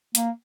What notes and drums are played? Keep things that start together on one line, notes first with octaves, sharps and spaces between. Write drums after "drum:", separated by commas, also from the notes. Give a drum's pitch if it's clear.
A#3, drum: hi-hat